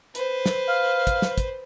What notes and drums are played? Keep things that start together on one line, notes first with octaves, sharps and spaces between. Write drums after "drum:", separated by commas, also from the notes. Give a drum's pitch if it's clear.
B4 C5, drum: hi-hat
drum: snare
F5
drum: kick, hi-hat
drum: snare
drum: kick, hi-hat